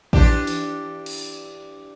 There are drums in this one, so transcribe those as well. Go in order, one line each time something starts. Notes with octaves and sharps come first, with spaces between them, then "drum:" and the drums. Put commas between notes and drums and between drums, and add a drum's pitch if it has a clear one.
E3 D4 G4, drum: kick A1
drum: open hi-hat
drum: cymbal